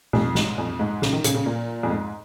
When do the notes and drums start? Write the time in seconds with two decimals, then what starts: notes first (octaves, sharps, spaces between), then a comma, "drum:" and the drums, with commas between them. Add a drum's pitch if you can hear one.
0.13 F2, drum: tom B2
0.35 G#2, drum: snare
0.58 F2
0.79 G#2
1.02 C#3, drum: snare
1.13 D#3
1.24 C#3, drum: hi-hat
1.35 C#3
1.46 A#2
1.83 F2
1.90 G#2